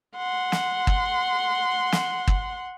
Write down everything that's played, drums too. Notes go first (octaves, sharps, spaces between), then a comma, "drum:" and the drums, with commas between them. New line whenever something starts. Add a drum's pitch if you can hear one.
F#5 C6
drum: snare
drum: kick
drum: snare
drum: kick